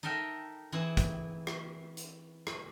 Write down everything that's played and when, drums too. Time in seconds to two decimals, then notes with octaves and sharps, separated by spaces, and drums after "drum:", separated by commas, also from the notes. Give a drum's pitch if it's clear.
0.03 D#4 A4 A#4 E5 G5
0.72 E3 C4 E4 G#4
0.97 drum: kick, hi-hat
1.47 drum: rim click
1.97 drum: hi-hat
2.47 drum: rim click